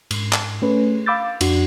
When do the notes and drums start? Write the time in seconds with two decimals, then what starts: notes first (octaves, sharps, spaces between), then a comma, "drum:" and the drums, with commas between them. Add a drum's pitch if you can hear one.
0.11 G#2, drum: cymbal
0.33 drum: clap
0.62 A3 C#4 G#4 B4
1.06 F5 B5 D6 E6 G6 A6
1.41 F2 D4 F#4, drum: cymbal